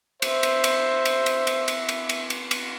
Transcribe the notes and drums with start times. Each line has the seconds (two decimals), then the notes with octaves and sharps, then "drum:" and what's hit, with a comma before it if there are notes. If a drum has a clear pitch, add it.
0.22 C5 E5, drum: cymbal
0.43 drum: cymbal
0.64 drum: cymbal
1.05 drum: cymbal
1.26 drum: cymbal
1.47 drum: cymbal
1.68 drum: cymbal
1.89 drum: cymbal
2.09 drum: cymbal
2.30 drum: cymbal
2.51 drum: cymbal